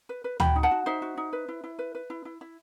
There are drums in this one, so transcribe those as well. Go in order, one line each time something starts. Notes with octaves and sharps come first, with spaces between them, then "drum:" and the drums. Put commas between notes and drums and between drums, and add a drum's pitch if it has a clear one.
B4
B4
F#4 G5 B5, drum: tom D2
D#4
F#5 A5
F#4
D#4 C5 E5
F#4
D#4
B4
E4
E4
B4
B4
E4
E4
E4